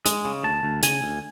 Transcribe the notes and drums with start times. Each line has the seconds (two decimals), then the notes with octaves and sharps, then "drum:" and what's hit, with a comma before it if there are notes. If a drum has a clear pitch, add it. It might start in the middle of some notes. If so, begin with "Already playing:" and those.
0.06 G#3, drum: hi-hat
0.25 C#3
0.44 D2 A5
0.63 D2
0.83 C#3 G#5, drum: hi-hat
1.02 D2